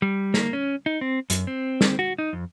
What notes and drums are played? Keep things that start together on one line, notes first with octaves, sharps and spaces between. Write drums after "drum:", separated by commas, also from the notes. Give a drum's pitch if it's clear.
G3
A#3, drum: snare
C#4
D#4
C4
F#2, drum: hi-hat
C4
drum: snare
F#4
D#4
F2